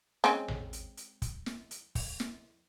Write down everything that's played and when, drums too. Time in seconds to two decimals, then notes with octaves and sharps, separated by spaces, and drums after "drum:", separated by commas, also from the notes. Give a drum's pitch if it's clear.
0.24 G#3 C4 C#4, drum: snare
0.48 drum: tom A1
0.73 drum: hi-hat
0.97 drum: hi-hat
1.22 drum: kick, hi-hat
1.46 drum: snare
1.71 drum: hi-hat
1.95 drum: kick, open hi-hat
2.20 drum: snare